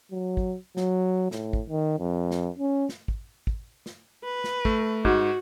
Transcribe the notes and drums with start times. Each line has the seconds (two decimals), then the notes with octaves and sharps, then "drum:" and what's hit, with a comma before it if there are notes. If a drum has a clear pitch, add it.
0.12 F#3
0.37 drum: kick
0.77 F#3, drum: snare
1.31 A2, drum: snare
1.53 drum: kick
1.69 D#3
1.99 F2
2.31 drum: snare
2.59 C#4
2.89 drum: snare
3.08 drum: kick
3.47 drum: kick
3.86 drum: snare
4.25 B4
4.44 drum: snare
4.65 A3, drum: kick
5.05 G#2 F#4, drum: kick